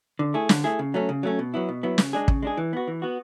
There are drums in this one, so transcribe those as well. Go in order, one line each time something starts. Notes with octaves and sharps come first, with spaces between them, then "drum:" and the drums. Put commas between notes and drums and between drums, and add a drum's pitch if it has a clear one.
D3
A3 E4 G#4
D3, drum: snare
A3 E4 G#4
C#3
F#3 A3 C#4
C#3
F#3 A3 C#4
B2
F#3 B3 E4
B2
F#3 B3 E4
C#3, drum: snare
G#3 D4 G#4
C#3, drum: kick
G#3 D4 G#4
E3
B3 F#4
E3
B3 F#4